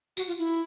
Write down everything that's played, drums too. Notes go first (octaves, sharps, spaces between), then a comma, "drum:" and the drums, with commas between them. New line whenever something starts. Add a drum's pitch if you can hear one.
F#4, drum: tambourine
F4
E4